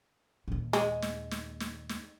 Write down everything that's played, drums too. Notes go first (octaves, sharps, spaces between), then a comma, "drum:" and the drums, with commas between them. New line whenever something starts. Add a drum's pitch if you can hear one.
D#2 A#2
G#3, drum: snare
drum: snare
drum: snare
drum: snare
drum: snare